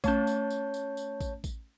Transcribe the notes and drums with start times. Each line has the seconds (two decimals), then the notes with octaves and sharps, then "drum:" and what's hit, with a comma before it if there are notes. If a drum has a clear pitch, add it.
0.04 A3 C#4 C#5 A5 G6, drum: kick A1, tambourine
0.27 drum: tambourine
0.50 drum: tambourine
0.74 drum: tambourine
0.97 drum: tambourine
1.21 drum: kick A1, tambourine
1.44 drum: kick A1, tambourine